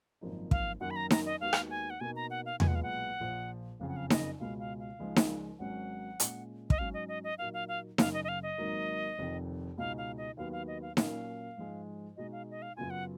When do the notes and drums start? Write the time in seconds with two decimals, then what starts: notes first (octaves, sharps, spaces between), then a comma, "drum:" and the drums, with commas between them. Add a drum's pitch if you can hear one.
0.21 G#1 F#2 F3 A#3 D#4
0.51 F5, drum: kick
0.81 F#2 D#3 A#3 C#4 F#4 F#5
0.91 B5
0.96 A#5
1.10 A#5, drum: snare D#4
1.26 D#5
1.41 D#2 D#3 G#3 B3 F#4 F5
1.53 drum: rim click
1.70 G#5
1.90 F#5
2.00 B2 A#3 D#4 G#5
2.16 A#5
2.30 F#5
2.46 F5
2.60 B1 A#2 G#3 B3 F4 G#5, drum: tom E2
2.68 F#5
2.75 F5
2.83 F#5
3.20 A#1 A#2 F3
3.80 F#1 F2 C#3 F5
3.88 F#5
3.96 F5
4.10 D#5, drum: snare D#4
4.40 C#2 B2 G#3 F5
4.60 F5
4.80 F5
4.99 C#2 C#3 F3 G#3 D#4
5.16 drum: snare D#4
5.59 G#1 G#2 D#3 F#3 C#4 F#5
6.20 A#2 G#3 C#4, drum: hi-hat
6.70 D#5, drum: kick
6.78 G#2 F#3 C#4 F5
6.94 D#5
7.08 D#5
7.24 D#5
7.38 A#2 F#3 A#3 D#4 F5
7.54 F5
7.68 F5
7.98 F#1 F#2 C#3 F5, drum: snare D#4
8.13 D#5
8.24 D#5
8.29 F5
8.43 D#5
8.58 G#1 G#2 F#3 A#3 D#4
9.19 F1 F2 D#3
9.77 C#2 B2 G#3 D#4 F5
9.98 F5
10.17 D#5
10.37 D#2 D#3 F#3 B3 F#4 F5
10.52 F5
10.68 D#5
10.82 F5
10.97 A#2 F#3 A#3 C#4 F5, drum: snare D#4
11.57 G#2 F3 G#3
12.17 B2 G#3 D#4 F#4 D#5
12.32 F5
12.51 D#5
12.62 F5
12.76 F#2 C#3 F#3 B3 F4 G#5
12.90 F#5